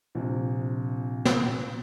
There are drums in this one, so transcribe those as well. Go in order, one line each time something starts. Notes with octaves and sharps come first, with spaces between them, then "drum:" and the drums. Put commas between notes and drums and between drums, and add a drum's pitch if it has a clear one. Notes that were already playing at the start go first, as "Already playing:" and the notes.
A#1 C3
drum: snare